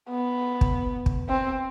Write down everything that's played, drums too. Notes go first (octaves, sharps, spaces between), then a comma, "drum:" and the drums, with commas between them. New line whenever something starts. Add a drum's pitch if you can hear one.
B3
drum: kick
drum: kick
C4